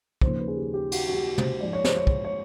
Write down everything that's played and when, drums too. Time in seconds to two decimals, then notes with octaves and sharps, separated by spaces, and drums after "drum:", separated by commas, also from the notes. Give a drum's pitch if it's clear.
0.22 D#2 C#3 F3 A#3 C5, drum: kick
0.39 B4
0.48 G#4
0.57 G4
0.74 G4
0.92 F#4, drum: cymbal
1.07 F#4
1.14 G4
1.38 C5, drum: tom
1.61 G#2 F3 G#3 D5
1.73 C#5
1.84 C5, drum: snare
1.97 C#5
2.07 drum: kick
2.25 C#5